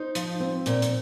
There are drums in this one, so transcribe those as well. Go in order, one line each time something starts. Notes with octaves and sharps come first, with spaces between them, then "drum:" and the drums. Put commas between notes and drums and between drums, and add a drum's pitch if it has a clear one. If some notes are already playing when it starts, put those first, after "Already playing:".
Already playing: D#4 C5
F3, drum: hi-hat
C4
A#2, drum: hi-hat
drum: hi-hat